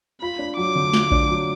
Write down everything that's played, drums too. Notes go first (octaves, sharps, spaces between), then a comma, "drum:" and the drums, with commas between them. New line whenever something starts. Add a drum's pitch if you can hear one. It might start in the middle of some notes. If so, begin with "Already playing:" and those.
F4 B5
D4
F#3 D6
D3
F4, drum: snare
D4, drum: kick A#1
F#3